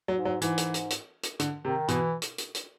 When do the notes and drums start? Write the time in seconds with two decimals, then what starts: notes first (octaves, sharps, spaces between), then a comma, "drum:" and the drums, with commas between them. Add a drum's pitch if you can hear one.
0.08 F#3
0.16 G#2
0.25 F#3
0.42 G#2 E3, drum: hi-hat
0.58 drum: hi-hat
0.74 drum: hi-hat
0.90 drum: hi-hat
1.23 drum: hi-hat
1.40 D3, drum: hi-hat
1.64 C3 D#3
1.88 B2 E3, drum: hi-hat
2.22 drum: hi-hat
2.38 drum: hi-hat
2.55 drum: hi-hat